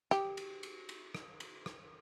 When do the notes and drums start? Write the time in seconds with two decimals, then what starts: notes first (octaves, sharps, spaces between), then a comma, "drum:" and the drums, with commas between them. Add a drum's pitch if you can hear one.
0.11 G4, drum: rim click
0.37 drum: cymbal
0.63 drum: cymbal
0.89 drum: cymbal
1.15 drum: rim click
1.40 drum: cymbal
1.66 drum: rim click